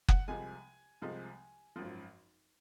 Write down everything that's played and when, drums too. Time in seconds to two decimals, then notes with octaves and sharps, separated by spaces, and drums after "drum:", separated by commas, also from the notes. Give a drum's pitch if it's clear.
0.08 F#5, drum: kick F#1
0.28 C2 C3 F3 G#3 G#5
1.02 C2 C3 F3 G#3
1.76 G#1 F#2 F3